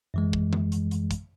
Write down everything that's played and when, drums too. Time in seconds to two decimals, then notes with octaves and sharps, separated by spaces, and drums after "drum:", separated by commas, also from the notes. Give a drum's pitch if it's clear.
0.14 F#2 E3 G#3
0.33 drum: kick
0.53 drum: tom D3
0.72 drum: hi-hat
0.91 drum: hi-hat
1.11 drum: kick, hi-hat